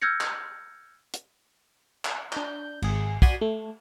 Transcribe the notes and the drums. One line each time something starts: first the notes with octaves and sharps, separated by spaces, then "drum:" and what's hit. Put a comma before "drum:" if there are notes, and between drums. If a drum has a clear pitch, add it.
E6 F6 G6 G#6 A#6 C#7
drum: clap
drum: hi-hat
drum: clap
D4 G6, drum: clap
G#1 G#4, drum: cymbal
F#4 D5 G#5 B5 C6 D#6, drum: kick
A3